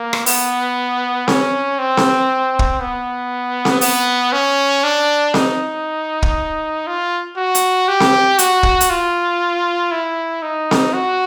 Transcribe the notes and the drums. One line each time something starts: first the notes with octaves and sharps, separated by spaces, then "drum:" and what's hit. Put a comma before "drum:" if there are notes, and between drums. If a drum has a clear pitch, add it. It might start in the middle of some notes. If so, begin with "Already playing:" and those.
Already playing: A#3
drum: rim click
B3, drum: open hi-hat
C#4, drum: snare C4
C4
drum: snare C4
drum: kick
B3
drum: snare C4
B3, drum: open hi-hat
C#4
D4
D#4, drum: snare C4
drum: kick
F4
F#4
drum: hi-hat
G4
drum: snare C4
F#4, drum: hi-hat
drum: kick
drum: hi-hat
F4
E4
D#4
drum: snare C4
F#4